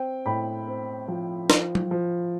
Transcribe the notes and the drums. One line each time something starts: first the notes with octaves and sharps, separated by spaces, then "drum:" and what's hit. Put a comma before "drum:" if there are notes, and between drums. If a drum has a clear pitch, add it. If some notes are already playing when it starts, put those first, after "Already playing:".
Already playing: C4 G5
A2 G5 B5
C4
F3
F3, drum: snare
drum: tom
F3